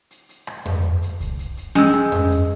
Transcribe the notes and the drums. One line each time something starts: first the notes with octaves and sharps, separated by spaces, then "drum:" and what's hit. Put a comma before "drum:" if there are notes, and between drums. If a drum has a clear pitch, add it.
drum: hi-hat
drum: hi-hat
drum: rim click
drum: tom F2
drum: hi-hat
drum: kick C2, hi-hat
drum: hi-hat
drum: hi-hat
G#3 C#4 E6
drum: rim click
drum: tom F2
drum: hi-hat